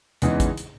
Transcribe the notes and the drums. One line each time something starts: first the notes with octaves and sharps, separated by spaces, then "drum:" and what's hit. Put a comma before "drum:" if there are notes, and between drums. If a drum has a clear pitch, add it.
E2 C#3 E3 G#3 D#4, drum: hi-hat
drum: kick G#1, hi-hat
drum: hi-hat